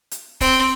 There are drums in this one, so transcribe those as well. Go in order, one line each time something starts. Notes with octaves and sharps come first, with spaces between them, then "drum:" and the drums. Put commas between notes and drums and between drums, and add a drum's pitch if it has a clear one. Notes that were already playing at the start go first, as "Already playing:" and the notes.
drum: hi-hat
C4, drum: kick, open hi-hat